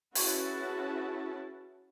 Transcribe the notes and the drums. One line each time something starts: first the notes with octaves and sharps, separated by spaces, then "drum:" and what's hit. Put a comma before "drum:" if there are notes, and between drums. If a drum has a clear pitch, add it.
C#4 E4 F#4 G#4 B4 A5, drum: open hi-hat